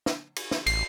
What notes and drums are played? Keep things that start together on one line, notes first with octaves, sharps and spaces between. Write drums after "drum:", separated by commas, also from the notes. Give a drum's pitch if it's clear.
drum: snare
drum: cymbal
drum: snare
A1 C7, drum: cymbal